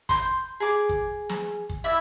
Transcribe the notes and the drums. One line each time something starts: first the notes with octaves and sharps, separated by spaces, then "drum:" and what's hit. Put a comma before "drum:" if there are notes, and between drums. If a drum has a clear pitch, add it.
C6 G6, drum: kick, hi-hat
G#4 D6
drum: kick
drum: snare
drum: kick
E4 D5 E5